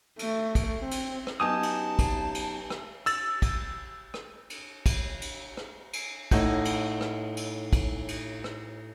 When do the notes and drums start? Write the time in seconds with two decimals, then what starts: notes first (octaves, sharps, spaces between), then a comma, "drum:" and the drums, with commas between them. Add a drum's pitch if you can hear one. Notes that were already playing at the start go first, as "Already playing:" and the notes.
0.19 A3, drum: cymbal
0.55 drum: kick, cymbal
0.82 C4
0.91 drum: cymbal
1.27 drum: rim click
1.40 F#2 B3 D#4 G4 G#5 A5 D#6
1.63 drum: cymbal
1.99 drum: kick, cymbal
2.35 drum: cymbal
2.70 drum: rim click
3.06 E6 A6, drum: cymbal
3.42 drum: kick, cymbal
4.14 drum: rim click
4.50 drum: cymbal
4.86 drum: kick, cymbal
5.22 drum: cymbal
5.57 drum: rim click
5.93 drum: cymbal
6.31 A2 D#4 F#5 G6, drum: kick, cymbal
6.65 drum: cymbal
7.01 drum: rim click
7.37 drum: cymbal
7.73 drum: kick, cymbal
8.08 drum: cymbal
8.44 drum: rim click